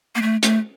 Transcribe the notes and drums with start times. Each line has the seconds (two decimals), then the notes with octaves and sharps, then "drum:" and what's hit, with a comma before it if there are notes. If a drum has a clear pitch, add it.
0.15 A#3
0.22 A3
0.43 A3, drum: hi-hat